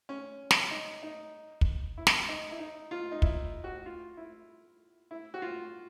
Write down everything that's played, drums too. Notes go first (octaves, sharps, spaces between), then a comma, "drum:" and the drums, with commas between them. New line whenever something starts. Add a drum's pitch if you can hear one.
C#4
drum: snare
D#4
D#4
drum: kick
E4
drum: snare
D#4
E4
D#4
F4
D#4
E4, drum: kick
F#4
F4
E4
E4
F#4
F4